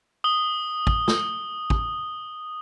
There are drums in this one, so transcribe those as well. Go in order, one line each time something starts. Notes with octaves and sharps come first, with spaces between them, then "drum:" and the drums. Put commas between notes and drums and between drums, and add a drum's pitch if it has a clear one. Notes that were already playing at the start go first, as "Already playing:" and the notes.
D#6 G7
drum: kick
drum: snare
drum: kick